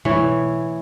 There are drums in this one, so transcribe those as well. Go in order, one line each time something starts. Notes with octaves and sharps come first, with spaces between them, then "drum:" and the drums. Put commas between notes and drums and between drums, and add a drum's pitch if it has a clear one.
E3 C#5, drum: tom B2